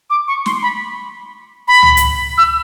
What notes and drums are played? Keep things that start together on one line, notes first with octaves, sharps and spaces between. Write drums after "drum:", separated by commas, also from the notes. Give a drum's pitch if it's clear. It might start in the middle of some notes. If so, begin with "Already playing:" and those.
D6
C#6
C6, drum: snare
B5
B5
drum: tom C#2
drum: hi-hat
E6